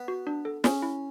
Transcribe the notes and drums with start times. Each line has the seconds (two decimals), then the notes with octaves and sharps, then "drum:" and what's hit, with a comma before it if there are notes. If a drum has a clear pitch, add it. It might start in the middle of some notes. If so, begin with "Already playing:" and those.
Already playing: B3
0.08 F#4
0.27 D4
0.45 A4
0.64 C#4 G#4, drum: snare
0.82 E4